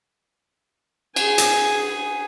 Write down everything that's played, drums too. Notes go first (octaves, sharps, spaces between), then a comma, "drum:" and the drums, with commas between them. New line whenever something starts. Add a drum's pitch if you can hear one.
G#4 G#5, drum: cymbal
drum: hi-hat